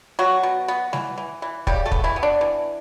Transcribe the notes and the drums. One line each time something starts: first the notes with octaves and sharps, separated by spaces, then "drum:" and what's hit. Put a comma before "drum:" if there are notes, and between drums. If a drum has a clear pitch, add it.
B2 F#3 F#4
B2
B3
E3, drum: snare G3
E3
E3
C#3 G3 G4, drum: kick
A3 A4
B3, drum: kick
E3 E4
B3
D4
E3